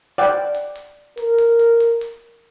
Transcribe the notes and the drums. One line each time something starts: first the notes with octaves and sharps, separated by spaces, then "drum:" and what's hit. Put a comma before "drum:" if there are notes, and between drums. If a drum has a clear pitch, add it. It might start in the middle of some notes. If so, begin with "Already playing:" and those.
D5 F#5 G5
drum: hi-hat
drum: hi-hat
A#4, drum: hi-hat
drum: hi-hat
drum: hi-hat
drum: hi-hat
drum: hi-hat